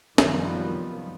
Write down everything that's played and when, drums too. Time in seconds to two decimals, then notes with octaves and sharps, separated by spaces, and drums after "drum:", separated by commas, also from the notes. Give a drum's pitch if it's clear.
0.18 F#2 C3 D#3 F3 G3 B3, drum: snare